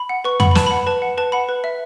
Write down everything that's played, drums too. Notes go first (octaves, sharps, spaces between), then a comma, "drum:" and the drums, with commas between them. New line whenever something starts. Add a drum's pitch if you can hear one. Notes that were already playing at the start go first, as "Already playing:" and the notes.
Already playing: B5
F#5
B4 C#6
F#5 B5, drum: tom
B5
B4 A5, drum: snare
B5
F#5
B5
B4 A5
F#5
B4 A5
F#5 B5
B4
E5